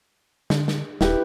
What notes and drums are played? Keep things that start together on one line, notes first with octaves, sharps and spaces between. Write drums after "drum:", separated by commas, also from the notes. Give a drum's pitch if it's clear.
D3, drum: snare
drum: snare
D#1 E4 G4 B4, drum: snare